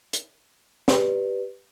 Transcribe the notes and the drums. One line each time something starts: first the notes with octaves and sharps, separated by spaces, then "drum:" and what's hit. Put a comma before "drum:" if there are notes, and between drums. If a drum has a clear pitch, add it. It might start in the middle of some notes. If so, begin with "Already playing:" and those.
drum: hi-hat
G4 B4 D5, drum: snare